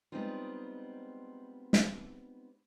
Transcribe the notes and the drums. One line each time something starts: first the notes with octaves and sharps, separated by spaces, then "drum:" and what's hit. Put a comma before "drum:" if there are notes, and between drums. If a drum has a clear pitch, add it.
G3 G#3 B3 C4 D#4 F4
drum: snare